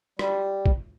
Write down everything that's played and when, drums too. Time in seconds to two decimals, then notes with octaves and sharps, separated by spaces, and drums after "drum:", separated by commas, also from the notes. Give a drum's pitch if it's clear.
0.19 G3, drum: rim click
0.66 drum: kick